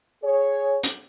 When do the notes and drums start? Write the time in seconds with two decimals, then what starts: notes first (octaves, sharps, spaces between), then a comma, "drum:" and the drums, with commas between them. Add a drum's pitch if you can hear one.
0.23 G#4 C#5
0.83 drum: hi-hat